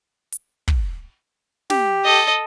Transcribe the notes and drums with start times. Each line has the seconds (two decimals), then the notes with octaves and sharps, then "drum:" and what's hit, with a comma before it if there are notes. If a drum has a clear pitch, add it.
0.32 drum: hi-hat
0.68 drum: kick
1.70 G4, drum: snare
2.04 A4 D#5